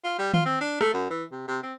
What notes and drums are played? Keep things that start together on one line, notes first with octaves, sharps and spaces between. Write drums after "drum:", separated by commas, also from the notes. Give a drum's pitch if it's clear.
F4
G3
F4, drum: tom D#3
C4
D4
A3, drum: rim click
F#2
E3
C3
C3
C4